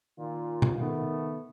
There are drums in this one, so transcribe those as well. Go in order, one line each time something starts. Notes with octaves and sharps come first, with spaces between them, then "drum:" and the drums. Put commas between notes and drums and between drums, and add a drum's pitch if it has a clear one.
A#2 D#3 F4
drum: tom B2
D#3 A3 B3